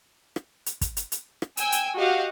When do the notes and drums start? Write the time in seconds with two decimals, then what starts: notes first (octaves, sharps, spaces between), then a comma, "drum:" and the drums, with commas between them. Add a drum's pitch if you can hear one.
0.36 drum: rim click
0.66 drum: hi-hat
0.81 drum: kick, hi-hat
0.97 drum: hi-hat
1.12 drum: hi-hat
1.42 drum: rim click
1.57 G5 G#5 E6, drum: hi-hat
1.72 drum: hi-hat
1.96 F#4 G4 D#5 F5 F#5